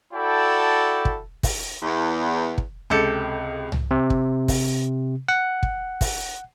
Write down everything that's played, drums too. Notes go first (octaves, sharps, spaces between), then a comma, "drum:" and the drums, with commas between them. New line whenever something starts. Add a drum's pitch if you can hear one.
E4 F#4 A4 D5 G5 A5
drum: kick
drum: kick, open hi-hat
E2
drum: kick
C#2 C3 G4 A4 C#7
drum: tom C2
C3
drum: kick
drum: kick, open hi-hat
F#5
drum: kick
drum: kick, open hi-hat